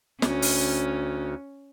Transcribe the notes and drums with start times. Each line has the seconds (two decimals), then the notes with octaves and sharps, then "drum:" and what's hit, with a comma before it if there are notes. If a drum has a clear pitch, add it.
0.22 D2 C#4, drum: snare
0.42 drum: open hi-hat